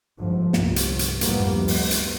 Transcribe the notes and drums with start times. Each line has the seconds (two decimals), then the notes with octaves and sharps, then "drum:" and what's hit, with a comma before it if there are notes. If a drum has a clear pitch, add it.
0.19 G1 G#2 F3
0.53 G1 C2, drum: snare
0.76 drum: hi-hat
0.99 drum: hi-hat
1.21 F#1 A2 F3 G3 A#3 B3, drum: hi-hat
1.52 G1 D2 B3
1.68 drum: open hi-hat
1.91 drum: hi-hat